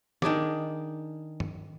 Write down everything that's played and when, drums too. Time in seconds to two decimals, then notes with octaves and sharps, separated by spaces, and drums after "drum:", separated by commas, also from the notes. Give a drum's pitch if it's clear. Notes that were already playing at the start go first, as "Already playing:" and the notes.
0.22 D#3 D4 G#4 D5, drum: snare
1.40 drum: tom G2